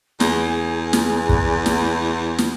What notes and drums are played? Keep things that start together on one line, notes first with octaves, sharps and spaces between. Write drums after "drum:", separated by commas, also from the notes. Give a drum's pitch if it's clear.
E2 G#4, drum: snare
drum: snare
drum: kick
drum: snare
drum: snare